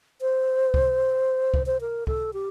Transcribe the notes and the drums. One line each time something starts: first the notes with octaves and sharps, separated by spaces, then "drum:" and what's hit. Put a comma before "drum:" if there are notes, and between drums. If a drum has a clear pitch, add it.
C5
drum: kick C#2
drum: kick C#2
C5
A#4
A4, drum: kick C#2
G4